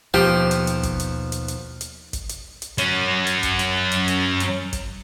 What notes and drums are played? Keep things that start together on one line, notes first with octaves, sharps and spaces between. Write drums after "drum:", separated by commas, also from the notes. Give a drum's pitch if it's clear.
D#2 B2 F3 G4 G5
drum: hi-hat
drum: hi-hat
drum: kick, hi-hat
drum: hi-hat
drum: hi-hat
drum: hi-hat
drum: hi-hat
drum: kick, hi-hat
drum: hi-hat
drum: hi-hat
F#3 C#4, drum: hi-hat
drum: hi-hat
drum: kick, hi-hat
drum: hi-hat
drum: hi-hat
drum: hi-hat
drum: hi-hat
drum: kick, hi-hat